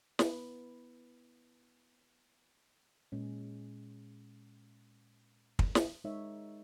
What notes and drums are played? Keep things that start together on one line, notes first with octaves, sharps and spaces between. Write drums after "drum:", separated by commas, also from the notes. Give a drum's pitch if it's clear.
B3 E4 B4, drum: snare
A#2 G#3 C#4
drum: kick
drum: snare
G#3 D#4 A#4 C#5 E5